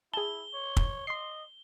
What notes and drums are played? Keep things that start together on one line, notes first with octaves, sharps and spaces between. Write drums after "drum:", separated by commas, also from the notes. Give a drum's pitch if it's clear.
E4 G#4 A5 G7
C#5
drum: kick
D#5 C6 C7